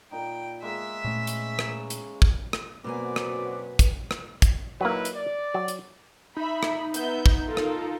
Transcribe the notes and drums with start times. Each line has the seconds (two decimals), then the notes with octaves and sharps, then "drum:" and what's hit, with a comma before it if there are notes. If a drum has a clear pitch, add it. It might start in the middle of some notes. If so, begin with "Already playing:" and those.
0.11 A#2 D#4 G5 B5
0.62 G#3 A#3 B3 E5 B6
1.04 A#2 A3 C#4 D#5
1.27 drum: hi-hat
1.59 drum: rim click
1.90 drum: hi-hat
2.22 drum: kick
2.53 drum: rim click
2.84 F#2 B2 A#3 C4 F#4 B4 D5 G#5
3.16 drum: rim click
3.79 drum: kick, hi-hat
4.11 drum: rim click
4.42 drum: kick, hi-hat
4.81 F#3 A#3 D#4 E4 B4
5.05 drum: hi-hat
5.15 D5
5.54 F#3
5.68 drum: hi-hat
6.37 D#4 E5 B5
6.63 drum: rim click
6.94 B3 E5 G6, drum: hi-hat
7.26 drum: kick
7.47 F4 A4 A#4
7.57 drum: rim click